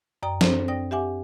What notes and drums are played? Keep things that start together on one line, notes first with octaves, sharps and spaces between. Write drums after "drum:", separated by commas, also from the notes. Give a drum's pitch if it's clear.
F#2 D5 G5 A#5 D#6
C4 D4 A4 C5, drum: snare
D5 G5 D#6 A#6
G4 E5 F#5 G#5 D6